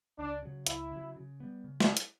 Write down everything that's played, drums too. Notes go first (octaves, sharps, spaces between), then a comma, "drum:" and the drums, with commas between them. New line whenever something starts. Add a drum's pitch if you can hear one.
C#2 D4
C#3 F#3
C#2 E4, drum: hi-hat
C#3 F#3
C#3
G3 B3
C#3
drum: snare
drum: hi-hat